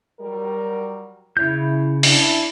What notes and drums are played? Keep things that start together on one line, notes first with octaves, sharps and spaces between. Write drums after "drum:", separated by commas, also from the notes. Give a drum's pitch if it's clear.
F#3 G3 A#4
C#3 E4 C#5 G6
D4 E4, drum: open hi-hat